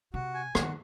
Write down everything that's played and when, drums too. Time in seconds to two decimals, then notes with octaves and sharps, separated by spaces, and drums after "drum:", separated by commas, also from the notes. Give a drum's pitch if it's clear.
0.14 C3 F#4
0.34 G#5
0.55 D#3 F#4, drum: rim click